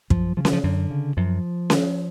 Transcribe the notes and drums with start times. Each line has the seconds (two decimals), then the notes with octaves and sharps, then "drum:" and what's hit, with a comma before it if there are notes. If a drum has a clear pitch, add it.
0.10 F#2 F3, drum: kick
0.37 C#3 F3
0.45 F#3, drum: snare C#4
0.53 F3
0.64 F#2 D3
0.90 C#3
1.17 F#2 F3
1.70 drum: snare C#4